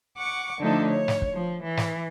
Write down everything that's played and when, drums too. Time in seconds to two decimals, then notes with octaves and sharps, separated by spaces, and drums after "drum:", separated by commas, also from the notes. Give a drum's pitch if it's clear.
0.16 F#5 C#6 D6
0.60 D3 F3 A3 D4 D#4 A4
0.88 C#5
1.08 drum: snare
1.22 drum: kick
1.34 F3
1.63 E3
1.77 drum: snare